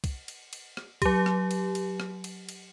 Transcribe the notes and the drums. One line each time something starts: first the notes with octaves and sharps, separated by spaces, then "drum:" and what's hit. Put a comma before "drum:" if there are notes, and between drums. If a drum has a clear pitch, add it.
drum: kick C2, cymbal
drum: cymbal
drum: cymbal
drum: rim click
F#3 G4, drum: kick C2, cymbal
drum: rim click
drum: cymbal
drum: cymbal
drum: rim click
drum: cymbal
drum: cymbal